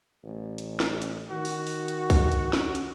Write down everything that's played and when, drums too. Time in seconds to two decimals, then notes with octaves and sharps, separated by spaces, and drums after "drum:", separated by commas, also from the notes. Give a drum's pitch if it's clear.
0.24 A1
0.58 drum: hi-hat
0.80 drum: snare
1.02 drum: hi-hat
1.31 D#3 F#4
1.45 drum: open hi-hat
1.67 drum: open hi-hat
1.88 drum: hi-hat
2.10 drum: kick, open hi-hat
2.32 drum: hi-hat
2.53 C#4, drum: snare
2.75 drum: hi-hat